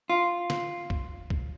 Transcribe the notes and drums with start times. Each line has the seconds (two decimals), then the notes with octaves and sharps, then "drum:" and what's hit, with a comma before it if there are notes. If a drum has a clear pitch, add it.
0.10 F4
0.50 drum: snare
0.90 drum: kick
1.30 drum: kick